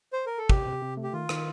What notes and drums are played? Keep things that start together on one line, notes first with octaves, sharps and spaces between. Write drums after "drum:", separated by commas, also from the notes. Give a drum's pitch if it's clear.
C5
A#4
A4
C3 G4, drum: kick
C3
C3
A3
G4
D#3 F4
D#3, drum: rim click